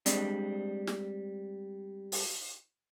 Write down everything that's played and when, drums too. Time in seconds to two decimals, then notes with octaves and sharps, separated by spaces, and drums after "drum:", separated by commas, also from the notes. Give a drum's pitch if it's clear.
0.06 G3 G#3 C4 D4 D5, drum: hi-hat
0.87 drum: snare
2.12 drum: open hi-hat